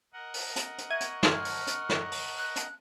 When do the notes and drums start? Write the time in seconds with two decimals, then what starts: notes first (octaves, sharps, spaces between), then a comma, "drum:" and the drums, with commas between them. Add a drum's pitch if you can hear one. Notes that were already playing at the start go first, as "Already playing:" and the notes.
0.13 A#4 D#5 F#5
0.34 drum: open hi-hat
0.56 drum: hi-hat
0.78 drum: hi-hat
0.90 E5 C#6 G#6 D#7
1.01 drum: hi-hat
1.23 C6 F6 G#6, drum: snare
1.45 drum: open hi-hat
1.67 drum: hi-hat
1.89 drum: snare
2.12 drum: open hi-hat
2.38 F#6
2.56 drum: hi-hat